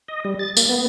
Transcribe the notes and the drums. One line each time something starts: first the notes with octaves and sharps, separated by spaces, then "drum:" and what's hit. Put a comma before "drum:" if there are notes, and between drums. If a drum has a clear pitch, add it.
D#5
G3
A6
A#3, drum: tambourine
B3